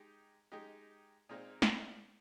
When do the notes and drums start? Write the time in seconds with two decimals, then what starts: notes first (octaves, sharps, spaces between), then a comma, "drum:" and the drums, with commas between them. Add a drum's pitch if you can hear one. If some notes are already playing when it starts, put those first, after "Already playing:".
Already playing: G#3 D#4 G4
0.52 G#3 D#4 G4
1.29 A#2 G#3 C4 D#4
1.62 drum: snare